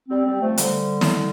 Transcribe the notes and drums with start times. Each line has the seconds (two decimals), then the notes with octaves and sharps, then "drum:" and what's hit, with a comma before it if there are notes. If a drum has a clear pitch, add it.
0.08 G3 C4
0.25 G3 C4
0.42 F3 A3
0.58 D3 G3, drum: hi-hat
1.01 drum: snare